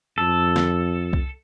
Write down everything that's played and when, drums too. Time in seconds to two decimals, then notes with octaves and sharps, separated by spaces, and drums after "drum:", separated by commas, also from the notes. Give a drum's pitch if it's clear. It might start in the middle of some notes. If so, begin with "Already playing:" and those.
0.18 F2 A4
0.56 drum: snare
1.13 drum: kick C2